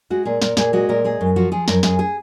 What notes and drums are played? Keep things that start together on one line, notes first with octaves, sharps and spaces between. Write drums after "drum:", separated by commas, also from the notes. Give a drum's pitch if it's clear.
G#3 F#4
A#2 G#4
A#2 A#4, drum: snare
A#2 G#4, drum: snare
G#3 F#4
A#2 A#4
G#3 G#4
F#2
F3 F#4
F3 G#4
F#2 A#4, drum: snare
F#2 G#4, drum: snare
G#4